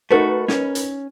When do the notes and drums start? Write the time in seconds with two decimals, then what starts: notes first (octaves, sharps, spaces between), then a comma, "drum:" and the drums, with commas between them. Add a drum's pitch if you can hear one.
0.11 A3 D#4 F#4 A#4 B4
0.48 C#4, drum: snare
0.75 drum: hi-hat